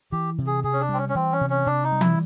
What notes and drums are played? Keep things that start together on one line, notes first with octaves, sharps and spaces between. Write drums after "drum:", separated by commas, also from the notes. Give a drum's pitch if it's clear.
E3 G4
C3
G#4
C3 G#4
C#4
D4
G3 C4
C#4
C#4
E3 C4
C#4
C3
C#4
C3 D4
D#4
G3
E4, drum: tom E3